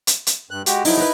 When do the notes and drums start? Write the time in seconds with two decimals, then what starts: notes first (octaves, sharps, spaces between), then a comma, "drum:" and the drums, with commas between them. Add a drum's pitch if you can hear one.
0.07 drum: hi-hat
0.27 drum: hi-hat
0.51 G2 F#6
0.66 G#3 F#4 G4, drum: hi-hat
0.85 F3 F#3 D#4 E4, drum: open hi-hat
0.97 A#4 B4